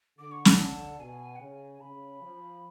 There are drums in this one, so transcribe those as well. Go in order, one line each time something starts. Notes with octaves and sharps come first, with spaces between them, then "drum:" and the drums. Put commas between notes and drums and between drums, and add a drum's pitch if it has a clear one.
D3 D6
C#6
A5, drum: snare
G#5
A5
B2 G#5
F#5
C#3 G#5
C#3 B5
F3